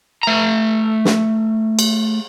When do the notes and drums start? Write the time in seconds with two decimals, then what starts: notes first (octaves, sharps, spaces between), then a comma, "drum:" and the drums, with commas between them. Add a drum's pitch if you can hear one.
0.23 A3 A#5
1.05 drum: snare
1.79 drum: cymbal